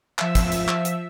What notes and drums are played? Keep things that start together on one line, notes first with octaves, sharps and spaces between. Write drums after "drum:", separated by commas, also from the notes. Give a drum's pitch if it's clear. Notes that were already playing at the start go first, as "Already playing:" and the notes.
F3 E5 E6, drum: clap
drum: kick, hi-hat
drum: hi-hat
drum: clap
drum: hi-hat